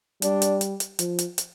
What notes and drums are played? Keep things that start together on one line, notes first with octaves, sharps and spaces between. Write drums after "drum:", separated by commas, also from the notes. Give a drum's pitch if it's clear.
G3 D4, drum: hi-hat
drum: hi-hat
drum: hi-hat
drum: hi-hat
F3, drum: hi-hat
drum: hi-hat
drum: hi-hat